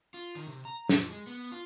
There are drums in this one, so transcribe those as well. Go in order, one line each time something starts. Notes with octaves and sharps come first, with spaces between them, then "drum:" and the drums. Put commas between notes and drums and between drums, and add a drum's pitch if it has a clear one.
F4
D#3
C3
A#5
F2, drum: snare
G#3
B3
F4